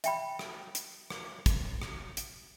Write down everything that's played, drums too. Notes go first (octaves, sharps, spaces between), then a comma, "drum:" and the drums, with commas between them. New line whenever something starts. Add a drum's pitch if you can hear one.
E5 G5 B5, drum: hi-hat
drum: rim click
drum: hi-hat
drum: rim click
drum: kick, hi-hat
drum: rim click
drum: hi-hat